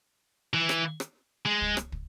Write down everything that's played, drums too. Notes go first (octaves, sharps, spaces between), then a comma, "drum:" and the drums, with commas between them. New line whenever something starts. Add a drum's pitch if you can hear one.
E3
drum: rim click
drum: rim click
G#3
drum: kick
drum: rim click
drum: kick